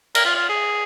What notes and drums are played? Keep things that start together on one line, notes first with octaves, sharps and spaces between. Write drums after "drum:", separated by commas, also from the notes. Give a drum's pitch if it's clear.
A#4, drum: cymbal
F4
F4
G#4